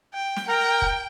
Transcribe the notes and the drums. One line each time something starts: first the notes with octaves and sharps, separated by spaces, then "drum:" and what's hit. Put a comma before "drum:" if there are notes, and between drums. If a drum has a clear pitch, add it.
G5
drum: snare
A#4 G5 A#5
drum: kick